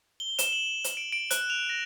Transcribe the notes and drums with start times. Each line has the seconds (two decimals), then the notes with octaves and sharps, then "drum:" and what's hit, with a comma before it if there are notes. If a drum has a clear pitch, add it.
0.20 G7
0.39 E7, drum: hi-hat
0.53 F#7
0.84 drum: hi-hat
0.97 D7
1.12 D7
1.31 F#6, drum: hi-hat
1.50 F7
1.69 A#6